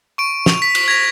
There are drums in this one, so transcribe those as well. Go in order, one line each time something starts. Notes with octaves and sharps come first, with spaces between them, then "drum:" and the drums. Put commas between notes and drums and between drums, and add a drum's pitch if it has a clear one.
C#6 D7
F7, drum: snare
B6
drum: cymbal
G#6 A#6 B6 F7